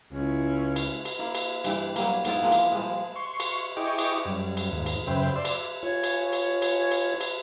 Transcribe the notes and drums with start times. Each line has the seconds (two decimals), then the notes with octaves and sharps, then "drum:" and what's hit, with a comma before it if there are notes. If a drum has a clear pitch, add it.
0.13 C#2 C#4 E4
0.76 drum: cymbal
1.05 drum: cymbal
1.19 A#3 E4 F5
1.35 drum: cymbal
1.64 G2 E3 G4, drum: cymbal
1.96 F#3 G3 A#3, drum: cymbal
2.25 G#2 B3 E4 F4, drum: cymbal
2.42 E3 F3 G#3 A#3
2.52 drum: cymbal
2.72 F3 G3 G#3
3.16 C6 C#6
3.40 drum: cymbal
3.77 E4 G#4 D#5 G5 C#6 D6
3.98 drum: cymbal
4.25 F#2 G3
4.57 drum: cymbal
4.72 D#2 G#2
4.86 drum: cymbal
5.07 F#2 C#3 B4 C5 E5 G5
5.35 D5 C6 E6
5.45 drum: cymbal
5.83 F4 C#5 G#5
6.03 drum: cymbal
6.33 drum: cymbal
6.62 drum: cymbal
6.91 drum: cymbal
7.21 drum: cymbal